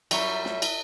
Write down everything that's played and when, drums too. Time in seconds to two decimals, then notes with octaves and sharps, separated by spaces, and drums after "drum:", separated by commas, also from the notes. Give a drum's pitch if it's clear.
0.11 F#2 G3 E5 A#5 C#6, drum: cymbal
0.45 drum: snare
0.62 drum: cymbal